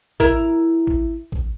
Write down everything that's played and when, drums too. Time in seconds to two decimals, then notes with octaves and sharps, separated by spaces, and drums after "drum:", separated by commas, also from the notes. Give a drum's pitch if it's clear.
0.20 E4 A#4, drum: kick
0.87 drum: kick
1.32 drum: kick